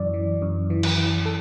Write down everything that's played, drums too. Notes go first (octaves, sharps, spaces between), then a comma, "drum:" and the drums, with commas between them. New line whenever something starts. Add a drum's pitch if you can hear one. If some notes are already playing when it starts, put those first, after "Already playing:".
Already playing: F#2 E3 D5
E3
F#2
E3
drum: cymbal
E3
A4